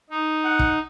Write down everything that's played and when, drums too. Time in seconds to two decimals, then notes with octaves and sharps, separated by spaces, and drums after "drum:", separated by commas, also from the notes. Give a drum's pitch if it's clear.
0.10 D#4
0.45 F#5
0.59 drum: kick